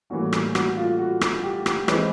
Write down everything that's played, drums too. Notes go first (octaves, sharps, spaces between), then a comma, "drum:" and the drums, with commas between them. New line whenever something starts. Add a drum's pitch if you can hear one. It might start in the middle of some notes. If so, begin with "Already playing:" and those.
A2 E3 G3 A#3 C#4 F#4
drum: rim click
F#4, drum: rim click
F4
F#4
drum: rim click
G4
drum: rim click
E3 G#3 C4 B4, drum: rim click